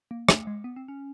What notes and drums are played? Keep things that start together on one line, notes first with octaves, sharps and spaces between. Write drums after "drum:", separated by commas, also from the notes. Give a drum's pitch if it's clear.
A#3
A3, drum: rim click
G#3
B3
C4
C#4